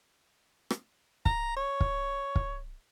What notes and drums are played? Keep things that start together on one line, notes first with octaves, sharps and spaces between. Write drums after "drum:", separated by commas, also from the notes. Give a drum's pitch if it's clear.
drum: rim click
A#5, drum: kick
C#5
drum: kick
drum: kick